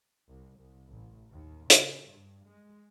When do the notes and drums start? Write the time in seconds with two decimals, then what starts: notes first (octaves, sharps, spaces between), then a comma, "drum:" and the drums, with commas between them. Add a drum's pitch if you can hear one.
0.29 C2
0.58 C2
0.89 A1
1.31 D#2
1.70 C#3, drum: hi-hat
2.09 G2
2.46 G#3